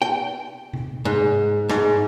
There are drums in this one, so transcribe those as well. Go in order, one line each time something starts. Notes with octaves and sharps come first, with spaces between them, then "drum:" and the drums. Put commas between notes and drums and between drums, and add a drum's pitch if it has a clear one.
G5
drum: tom C3
G#2
G#2, drum: rim click